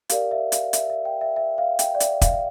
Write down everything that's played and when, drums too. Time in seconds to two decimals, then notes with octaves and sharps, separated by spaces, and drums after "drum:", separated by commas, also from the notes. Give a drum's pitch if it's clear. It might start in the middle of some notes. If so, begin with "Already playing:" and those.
0.09 G4 A#4 D5 F5, drum: hi-hat
0.31 E5
0.52 F5, drum: hi-hat
0.73 E5, drum: hi-hat
0.90 E5
1.05 G5
1.21 E5
1.36 E5
1.58 F5
1.79 G5, drum: hi-hat
1.95 D5
2.00 E5, drum: hi-hat
2.21 F5, drum: kick, hi-hat